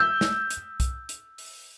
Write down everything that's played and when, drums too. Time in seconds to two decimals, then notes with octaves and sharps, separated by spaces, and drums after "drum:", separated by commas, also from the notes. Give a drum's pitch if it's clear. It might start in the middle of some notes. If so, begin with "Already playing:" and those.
Already playing: E6 G6
0.21 drum: snare
0.50 drum: hi-hat
0.80 drum: kick B1, hi-hat
1.09 drum: hi-hat
1.38 drum: open hi-hat